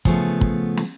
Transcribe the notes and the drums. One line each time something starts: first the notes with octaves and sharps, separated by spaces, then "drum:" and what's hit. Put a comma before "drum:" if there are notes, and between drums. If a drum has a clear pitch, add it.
C#3 F3 A3 B3, drum: kick
drum: kick
drum: snare